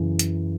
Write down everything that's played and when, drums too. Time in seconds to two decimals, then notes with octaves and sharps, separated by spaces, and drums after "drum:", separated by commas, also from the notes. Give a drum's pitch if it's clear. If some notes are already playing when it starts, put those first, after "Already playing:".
Already playing: F#2 C#3 E3
0.19 drum: hi-hat